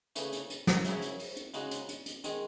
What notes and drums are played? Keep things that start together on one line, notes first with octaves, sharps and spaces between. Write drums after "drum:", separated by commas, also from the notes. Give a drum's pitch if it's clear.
C#3 E3 A3, drum: hi-hat
drum: hi-hat
drum: hi-hat
drum: snare
F#2 C#3 F#3 C#4 E4, drum: hi-hat
drum: hi-hat
drum: open hi-hat
drum: hi-hat
C#3 G#3 D#4 F#4, drum: hi-hat
drum: hi-hat
drum: hi-hat
drum: hi-hat
D#3 G#3, drum: hi-hat